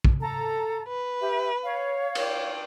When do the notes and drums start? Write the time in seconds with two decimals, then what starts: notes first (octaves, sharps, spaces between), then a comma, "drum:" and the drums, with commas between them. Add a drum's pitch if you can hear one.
0.05 drum: kick
0.21 A4 A#5
0.88 B4
1.21 G4 E5
1.64 C#5 F5
2.15 D5 G5, drum: cymbal